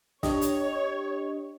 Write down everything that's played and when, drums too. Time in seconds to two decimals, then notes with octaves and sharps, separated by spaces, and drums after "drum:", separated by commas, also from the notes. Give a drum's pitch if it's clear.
0.23 D4 G4 C#5 D#5, drum: snare
0.41 drum: hi-hat